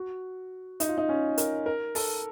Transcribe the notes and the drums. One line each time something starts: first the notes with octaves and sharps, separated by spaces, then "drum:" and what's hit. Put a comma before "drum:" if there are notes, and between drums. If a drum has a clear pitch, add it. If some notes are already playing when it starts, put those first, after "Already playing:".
Already playing: F#4
D#4, drum: hi-hat
F4
D#4
C#4
A#4, drum: hi-hat
A#4
A4, drum: open hi-hat